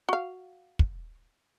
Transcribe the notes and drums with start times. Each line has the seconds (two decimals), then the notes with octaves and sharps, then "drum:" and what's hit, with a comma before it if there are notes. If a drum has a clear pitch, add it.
0.09 F#4 F5
0.79 drum: kick